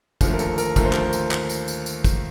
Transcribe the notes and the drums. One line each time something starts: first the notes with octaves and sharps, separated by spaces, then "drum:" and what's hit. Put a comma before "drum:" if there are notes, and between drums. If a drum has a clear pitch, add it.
D#2 D3 F3 A3, drum: kick, tambourine
A#4
A4, drum: tambourine
A#4, drum: tambourine
D#2 D3 F3 A3 A#4, drum: kick, tambourine
C5
A#4, drum: clap
drum: tambourine
drum: clap
drum: tambourine
drum: tambourine
drum: tambourine
drum: kick, tambourine